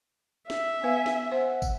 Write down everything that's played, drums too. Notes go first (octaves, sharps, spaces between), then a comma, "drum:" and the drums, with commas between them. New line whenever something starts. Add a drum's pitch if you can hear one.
E5, drum: snare
B3 B4 F5 G#5
drum: snare
C5 F#5 G#5
drum: kick, tambourine